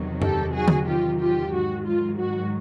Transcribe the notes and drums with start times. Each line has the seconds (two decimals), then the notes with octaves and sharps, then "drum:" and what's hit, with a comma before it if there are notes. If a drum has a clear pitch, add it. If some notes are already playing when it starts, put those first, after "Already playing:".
Already playing: E2 C3 D#3 F#3
0.22 G4 A4, drum: tom F#2
0.54 F#4 G#4
0.68 drum: tom
0.88 F4 G4
1.20 F4 G4
1.52 G#2 D#3 F#3 F#4
1.85 F4
2.18 F#4